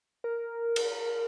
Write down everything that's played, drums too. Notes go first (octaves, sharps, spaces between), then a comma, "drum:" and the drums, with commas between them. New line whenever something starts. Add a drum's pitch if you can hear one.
A#4
drum: cymbal